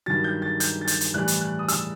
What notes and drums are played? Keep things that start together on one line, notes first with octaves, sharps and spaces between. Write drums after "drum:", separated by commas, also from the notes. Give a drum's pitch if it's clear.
G2 D#3 F#3 A6
G6
A6
G6, drum: hi-hat
A6
G6, drum: hi-hat
drum: hi-hat
A2 E3 G3 F#6
drum: hi-hat
F#6
D#6
E6, drum: hi-hat